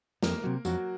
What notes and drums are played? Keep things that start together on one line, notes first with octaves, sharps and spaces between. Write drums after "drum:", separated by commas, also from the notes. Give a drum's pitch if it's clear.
F2 A#3 A#4, drum: snare
C3 F#3
F2 F#3 F#4, drum: tambourine